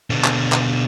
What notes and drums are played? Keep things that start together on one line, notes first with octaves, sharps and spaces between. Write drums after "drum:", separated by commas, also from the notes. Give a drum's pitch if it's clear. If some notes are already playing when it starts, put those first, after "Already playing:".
B2 D3
drum: clap
drum: clap